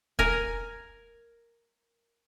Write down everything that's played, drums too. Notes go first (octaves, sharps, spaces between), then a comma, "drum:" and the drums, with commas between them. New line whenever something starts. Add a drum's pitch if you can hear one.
A#4 G#5, drum: kick